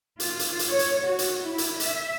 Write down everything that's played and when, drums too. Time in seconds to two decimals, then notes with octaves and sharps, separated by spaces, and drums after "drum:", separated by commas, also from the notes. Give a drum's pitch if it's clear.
0.20 F4, drum: hi-hat
0.39 drum: hi-hat
0.59 drum: hi-hat
0.69 C#5
0.79 drum: hi-hat
1.05 F#4
1.19 drum: hi-hat
1.43 E4
1.58 drum: hi-hat
1.80 E5, drum: hi-hat